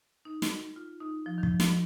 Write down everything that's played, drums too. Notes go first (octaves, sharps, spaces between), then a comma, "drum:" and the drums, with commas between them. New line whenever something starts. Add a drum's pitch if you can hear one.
D#4
drum: snare
F4
D#4
F3
D#3
F3, drum: kick
F3, drum: snare